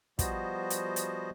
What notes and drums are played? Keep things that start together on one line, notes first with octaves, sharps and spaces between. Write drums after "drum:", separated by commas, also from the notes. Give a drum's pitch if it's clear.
F3 G3 B3 F#4 C5 D#5, drum: kick, hi-hat
drum: hi-hat
drum: hi-hat